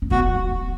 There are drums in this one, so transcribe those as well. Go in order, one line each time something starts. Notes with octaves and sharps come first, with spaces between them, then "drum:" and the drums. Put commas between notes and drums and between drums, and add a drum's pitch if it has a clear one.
C#4
B3 F#4, drum: kick D#1
F#3